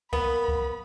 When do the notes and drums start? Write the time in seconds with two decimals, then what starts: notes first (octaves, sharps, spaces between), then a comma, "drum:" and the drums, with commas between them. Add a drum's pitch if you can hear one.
0.13 A#3 B3 B5, drum: kick C2
0.48 drum: kick C2